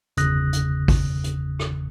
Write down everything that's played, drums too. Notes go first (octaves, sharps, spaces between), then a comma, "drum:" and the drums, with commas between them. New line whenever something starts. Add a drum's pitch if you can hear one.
G1 E2 C#3 D#6 F#6 A#6, drum: hi-hat
drum: hi-hat
drum: kick, open hi-hat
drum: hi-hat
drum: rim click